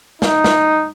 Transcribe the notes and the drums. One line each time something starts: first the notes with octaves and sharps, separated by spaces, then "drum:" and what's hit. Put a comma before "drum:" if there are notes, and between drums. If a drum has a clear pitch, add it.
D#4, drum: snare
drum: snare